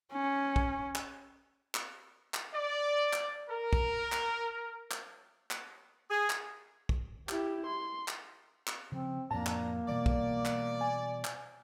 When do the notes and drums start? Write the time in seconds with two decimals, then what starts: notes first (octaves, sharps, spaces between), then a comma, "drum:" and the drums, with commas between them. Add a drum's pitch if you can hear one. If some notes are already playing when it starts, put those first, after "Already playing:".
0.12 C#4
0.56 drum: kick
0.96 drum: clap
1.75 drum: clap
2.34 drum: clap
2.53 D5
3.13 drum: clap
3.50 A#4
3.73 drum: kick
4.12 drum: clap
4.91 drum: clap
5.51 drum: clap
6.10 G#4
6.30 drum: clap
6.89 drum: kick
7.29 E4 G4, drum: clap
7.66 C6
8.08 drum: clap
8.67 drum: clap
8.92 C#3 F3 C4
9.31 F2 A2 A#3 D4 A5 A#5
9.47 drum: clap
9.88 B2 E3 G3 D5
10.06 drum: kick
10.46 drum: clap
10.81 G#5
11.25 drum: clap